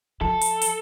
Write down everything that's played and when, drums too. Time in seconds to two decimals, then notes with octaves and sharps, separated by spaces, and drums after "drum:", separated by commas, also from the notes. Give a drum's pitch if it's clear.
0.21 F3 A4
0.41 drum: hi-hat
0.62 drum: hi-hat